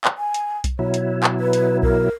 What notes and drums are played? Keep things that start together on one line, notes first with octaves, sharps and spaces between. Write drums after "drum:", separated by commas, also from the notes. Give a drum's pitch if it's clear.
drum: clap
G#5
drum: hi-hat
drum: kick B1, hi-hat
B2 F#3 E4 C#5
drum: hi-hat
drum: clap
B4
drum: hi-hat
A#4, drum: kick B1